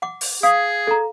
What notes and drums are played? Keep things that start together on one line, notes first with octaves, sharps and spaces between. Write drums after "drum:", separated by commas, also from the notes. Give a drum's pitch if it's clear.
F#5 D6
drum: open hi-hat
G#4 F5 D#6
A4 A#5